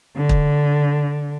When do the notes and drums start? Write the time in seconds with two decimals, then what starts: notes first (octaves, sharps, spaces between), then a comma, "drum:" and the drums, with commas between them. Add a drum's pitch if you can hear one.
0.17 D3
0.29 drum: kick